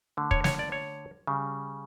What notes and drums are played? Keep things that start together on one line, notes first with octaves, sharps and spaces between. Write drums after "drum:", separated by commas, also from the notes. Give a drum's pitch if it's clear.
D3 A3
C#5, drum: kick
C#5, drum: snare
D5
C#5
C#3 G3